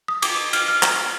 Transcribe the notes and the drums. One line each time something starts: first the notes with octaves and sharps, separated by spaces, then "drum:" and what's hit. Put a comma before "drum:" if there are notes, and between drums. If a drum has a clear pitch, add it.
D#6
D6, drum: cymbal
F6, drum: cymbal
F6
drum: clap